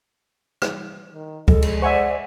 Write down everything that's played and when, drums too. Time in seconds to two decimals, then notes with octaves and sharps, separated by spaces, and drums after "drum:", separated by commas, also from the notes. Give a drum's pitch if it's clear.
0.62 drum: rim click
1.13 D#3
1.48 G#3 A4, drum: kick C#2
1.62 drum: cymbal
1.82 C5 D5 E5 F#5 G#5 C#6